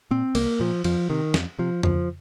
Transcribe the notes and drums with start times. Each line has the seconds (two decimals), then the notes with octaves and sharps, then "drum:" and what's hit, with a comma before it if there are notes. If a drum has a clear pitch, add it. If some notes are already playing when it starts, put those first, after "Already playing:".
0.11 A#2 C4
0.35 C2 A#3, drum: cymbal
0.60 A#2 F3
0.84 F2 F3, drum: cymbal
1.09 C3 D#3
1.34 F2, drum: snare
1.59 C3 F3
1.83 D#2 F3, drum: tom F2